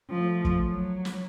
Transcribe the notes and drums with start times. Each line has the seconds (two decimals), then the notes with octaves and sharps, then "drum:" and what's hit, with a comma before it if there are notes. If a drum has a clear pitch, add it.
0.11 F3 A3
0.45 drum: kick
0.64 F#3
1.05 drum: snare